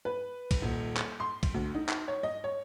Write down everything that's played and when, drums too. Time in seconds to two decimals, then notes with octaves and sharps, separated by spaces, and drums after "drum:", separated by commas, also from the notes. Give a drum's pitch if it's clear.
0.05 B4
0.51 drum: kick, cymbal
0.62 D#1
0.97 drum: clap
1.20 C6
1.43 drum: kick, cymbal
1.54 D2
1.75 D#4
1.89 drum: clap
2.08 C#5
2.23 D#5
2.44 C#5